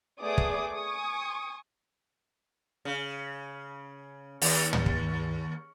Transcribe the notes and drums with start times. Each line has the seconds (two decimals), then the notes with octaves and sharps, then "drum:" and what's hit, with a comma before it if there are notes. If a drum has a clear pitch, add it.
0.21 A3 B3 G#4 D5 D6 D#6
0.38 drum: kick
0.74 G#5 C#6 D#6
2.85 C#3
4.42 D#2, drum: open hi-hat
4.73 drum: tom
4.86 drum: kick